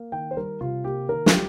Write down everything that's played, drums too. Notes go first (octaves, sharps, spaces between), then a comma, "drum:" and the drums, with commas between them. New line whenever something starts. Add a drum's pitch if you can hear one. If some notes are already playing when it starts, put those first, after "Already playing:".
Already playing: A#3
D#3 G5
C5
G3 A#4
C3 F4
A#3 G4
D#3 A#4
F4, drum: snare
G3 G4